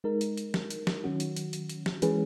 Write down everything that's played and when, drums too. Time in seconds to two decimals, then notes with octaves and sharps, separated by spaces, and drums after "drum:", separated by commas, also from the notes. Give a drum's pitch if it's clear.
0.04 G#3 D#4 A#4
0.21 drum: hi-hat
0.37 drum: hi-hat
0.54 drum: snare
0.70 drum: hi-hat
0.87 drum: snare
1.04 D#3 F#3 C#4 F#4
1.20 drum: hi-hat
1.36 drum: hi-hat
1.53 drum: hi-hat
1.69 drum: hi-hat
1.86 drum: snare
2.02 E3 G#3 C#4 G#4 B4, drum: hi-hat